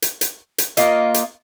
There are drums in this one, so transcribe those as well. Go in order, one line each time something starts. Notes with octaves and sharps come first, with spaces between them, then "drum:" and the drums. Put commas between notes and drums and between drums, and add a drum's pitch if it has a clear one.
drum: hi-hat
drum: hi-hat
drum: hi-hat
A#3 F4 D#5, drum: hi-hat
drum: hi-hat